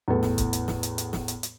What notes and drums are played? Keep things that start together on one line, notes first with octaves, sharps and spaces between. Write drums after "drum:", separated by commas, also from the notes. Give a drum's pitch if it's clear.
E2 A2 A4
drum: snare
drum: kick, hi-hat
drum: hi-hat
drum: snare
drum: hi-hat
drum: hi-hat
drum: snare
drum: hi-hat
drum: hi-hat